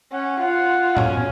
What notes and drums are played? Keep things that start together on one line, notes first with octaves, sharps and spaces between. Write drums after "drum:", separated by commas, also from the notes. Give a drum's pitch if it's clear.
C#4 F#5
F4 F#5
C#4 F5, drum: tom A2